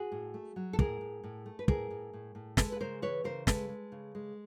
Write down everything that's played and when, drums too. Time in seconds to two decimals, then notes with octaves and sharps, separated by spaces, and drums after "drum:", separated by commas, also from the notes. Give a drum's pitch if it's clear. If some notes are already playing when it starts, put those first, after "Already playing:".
Already playing: F#4 G#4
0.12 A2
0.34 A3
0.56 F#3
0.73 A4
0.79 A2 G#4 A#4, drum: kick
1.01 A2
1.24 A2
1.46 A3
1.59 B4
1.68 A2 G#4 A#4, drum: kick
1.91 A2
2.13 A2
2.35 A2
2.57 G#3 A4 B4, drum: snare
2.72 B4
2.80 C#3 A#4 C5
3.02 E3 B4 C#5
3.24 C#3 A#4 C5
3.47 G#3 A4 B4, drum: snare
3.69 G#3
3.92 C#3
4.15 G#3